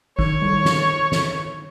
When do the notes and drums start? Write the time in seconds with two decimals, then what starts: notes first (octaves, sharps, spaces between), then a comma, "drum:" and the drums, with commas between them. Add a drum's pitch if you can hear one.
0.19 D#3 C#5, drum: kick
0.42 drum: tom G3
0.65 drum: snare
1.12 drum: snare